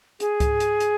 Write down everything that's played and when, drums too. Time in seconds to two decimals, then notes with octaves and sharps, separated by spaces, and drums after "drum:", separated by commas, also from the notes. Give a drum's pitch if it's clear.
0.20 G#4, drum: hi-hat
0.40 drum: kick C#2, hi-hat
0.60 drum: hi-hat
0.80 drum: hi-hat